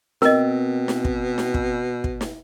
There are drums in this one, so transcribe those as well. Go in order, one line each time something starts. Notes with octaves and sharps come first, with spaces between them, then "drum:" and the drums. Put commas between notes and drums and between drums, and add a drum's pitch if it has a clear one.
B2 C4 A#4 D#5, drum: snare
drum: snare
drum: kick
drum: snare
drum: kick
drum: kick
drum: snare